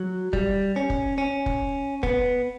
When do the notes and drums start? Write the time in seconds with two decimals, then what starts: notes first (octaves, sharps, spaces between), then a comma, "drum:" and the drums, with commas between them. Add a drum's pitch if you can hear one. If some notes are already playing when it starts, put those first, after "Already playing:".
Already playing: F#3
0.33 G3, drum: kick
0.76 C#4
0.90 drum: kick
1.18 C#4
1.46 drum: kick
2.03 B3, drum: kick